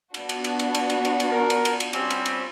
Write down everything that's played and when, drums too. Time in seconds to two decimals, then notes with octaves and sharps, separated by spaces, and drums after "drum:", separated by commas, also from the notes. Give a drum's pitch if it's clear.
0.14 B3 D4 F#4, drum: cymbal
0.29 drum: cymbal
0.44 drum: cymbal
0.59 drum: cymbal
0.75 drum: cymbal
0.90 drum: cymbal
1.05 drum: cymbal
1.20 drum: cymbal
1.31 A#4
1.50 drum: cymbal
1.65 drum: cymbal
1.80 drum: cymbal
1.93 G3 C4 C#4, drum: cymbal
2.10 drum: cymbal
2.26 drum: cymbal